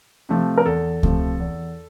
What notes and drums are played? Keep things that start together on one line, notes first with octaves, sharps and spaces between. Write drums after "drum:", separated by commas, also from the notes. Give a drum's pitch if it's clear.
C3 F3 A3
A#4
E2 A4
C3 F3 A3, drum: kick C#2
E2